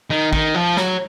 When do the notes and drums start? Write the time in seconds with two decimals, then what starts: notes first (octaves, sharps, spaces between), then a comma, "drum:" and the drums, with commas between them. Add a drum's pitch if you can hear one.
0.10 D#3
0.33 D#3, drum: kick
0.54 F3
0.77 F#3, drum: snare